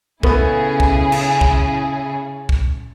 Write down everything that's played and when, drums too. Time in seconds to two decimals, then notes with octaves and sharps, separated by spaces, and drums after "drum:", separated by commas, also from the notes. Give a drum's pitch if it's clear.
0.23 C#3 A3 B3 E4 G#4, drum: kick
0.80 drum: kick
1.12 drum: cymbal
1.41 drum: kick
2.49 drum: kick